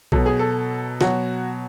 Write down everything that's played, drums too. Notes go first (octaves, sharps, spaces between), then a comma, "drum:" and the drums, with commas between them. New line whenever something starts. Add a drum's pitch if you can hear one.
B2 F#3 A4, drum: kick B1
G#4
A4
B2 F#3 F#4, drum: snare